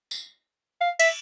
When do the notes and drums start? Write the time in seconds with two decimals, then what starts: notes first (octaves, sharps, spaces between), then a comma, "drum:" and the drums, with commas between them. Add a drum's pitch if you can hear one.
0.11 drum: tambourine
0.81 F5
1.00 E5, drum: cymbal